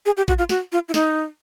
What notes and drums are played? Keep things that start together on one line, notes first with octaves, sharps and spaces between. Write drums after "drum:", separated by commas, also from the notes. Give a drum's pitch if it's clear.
G#4
G4
F#4, drum: kick
F4
F#4, drum: snare
F4
E4
D#4, drum: snare